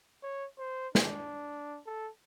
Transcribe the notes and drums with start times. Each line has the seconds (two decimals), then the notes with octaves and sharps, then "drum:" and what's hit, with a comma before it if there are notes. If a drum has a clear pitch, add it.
0.23 C#5
0.58 C5
0.95 D4, drum: snare
1.86 A4